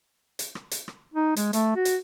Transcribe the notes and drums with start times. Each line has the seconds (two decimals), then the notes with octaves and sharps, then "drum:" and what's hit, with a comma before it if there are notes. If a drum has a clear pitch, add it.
0.39 drum: hi-hat
0.55 drum: rim click
0.71 drum: hi-hat
0.88 drum: rim click
1.14 D#4
1.36 G#3, drum: hi-hat
1.53 A3, drum: hi-hat
1.76 F#4
1.85 drum: hi-hat